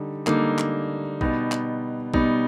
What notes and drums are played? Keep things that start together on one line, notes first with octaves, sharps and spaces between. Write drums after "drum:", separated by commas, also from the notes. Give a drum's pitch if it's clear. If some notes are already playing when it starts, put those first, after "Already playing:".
Already playing: D3 G3 D#4
D3 G3 A#3 D#4, drum: clap
drum: clap
B2 G3 B3 D#4, drum: kick A#1
drum: clap
B2 G3 B3 D#4, drum: kick A#1